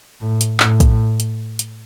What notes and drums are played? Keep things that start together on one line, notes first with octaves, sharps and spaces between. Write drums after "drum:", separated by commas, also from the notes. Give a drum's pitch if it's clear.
A2
drum: hi-hat
A2, drum: clap
drum: kick, hi-hat
drum: hi-hat
drum: hi-hat